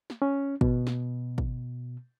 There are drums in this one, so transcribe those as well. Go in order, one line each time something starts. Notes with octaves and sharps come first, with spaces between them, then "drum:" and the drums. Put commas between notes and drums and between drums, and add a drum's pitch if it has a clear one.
drum: snare
C#4
B2, drum: kick
drum: snare
drum: kick